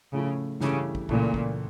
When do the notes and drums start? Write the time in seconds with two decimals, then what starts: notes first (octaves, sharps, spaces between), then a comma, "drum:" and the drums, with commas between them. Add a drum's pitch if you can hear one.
0.13 A2 C#3 F3 A3 E4
0.61 G2 C#3 E3 A3 E4 G4, drum: snare
0.95 drum: kick
1.09 C#2 A#2 C#3 E3 A3 E4, drum: kick
1.34 drum: kick